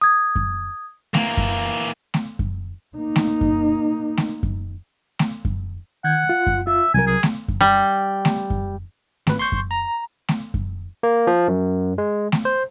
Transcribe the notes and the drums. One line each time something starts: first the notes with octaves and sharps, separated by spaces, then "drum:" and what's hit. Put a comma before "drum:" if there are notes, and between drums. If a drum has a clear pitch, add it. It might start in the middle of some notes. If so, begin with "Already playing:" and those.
D#6 G#6
drum: kick F#2
E3 A#3, drum: snare A3
drum: kick F#2
drum: snare A3
drum: kick F#2
A#3 D#4
drum: snare A3
drum: kick F#2
drum: snare A3
drum: kick F#2
drum: snare A3
drum: kick F#2
D#3 F#5 G6 G#6
F4
drum: kick F#2
F4 E5
C2 F#3 A#4 G#5
G#4
drum: snare A3
drum: kick F#2
G3
drum: snare A3
drum: kick F#2
G#1 B4, drum: snare A3
C6 C#6 G6
drum: kick F#2
A#5
drum: snare A3
drum: kick F#2
A#3
F3
F#2
G#3
drum: snare A3
C5